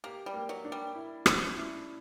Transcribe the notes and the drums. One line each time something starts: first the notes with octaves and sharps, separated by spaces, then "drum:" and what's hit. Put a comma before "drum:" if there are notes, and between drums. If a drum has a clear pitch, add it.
A#3 G4
G3
A#3
F#3
D4
G3
E4
C#4, drum: rim click
E4